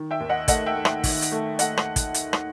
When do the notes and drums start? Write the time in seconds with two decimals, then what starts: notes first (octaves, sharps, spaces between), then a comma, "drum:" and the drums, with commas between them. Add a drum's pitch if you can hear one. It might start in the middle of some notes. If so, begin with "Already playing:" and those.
Already playing: D#3
0.11 E5 G5
0.20 D#2
0.29 D#5 F#5
0.48 A3 D#5 F#5, drum: kick, hi-hat
0.66 E5 G5
0.76 A3
0.85 E5 G5, drum: rim click
1.04 D#3, drum: kick, open hi-hat
1.22 drum: hi-hat
1.32 A3
1.59 A3 D#5 F#5, drum: hi-hat
1.77 drum: rim click
1.96 drum: kick, hi-hat
2.14 drum: hi-hat
2.33 drum: rim click